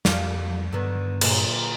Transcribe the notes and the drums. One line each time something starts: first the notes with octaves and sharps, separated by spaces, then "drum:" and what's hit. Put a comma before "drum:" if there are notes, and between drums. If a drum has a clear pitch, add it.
F2 G4 F5, drum: snare
G2 D3 D#3 B3
A#2 D3 F#3, drum: cymbal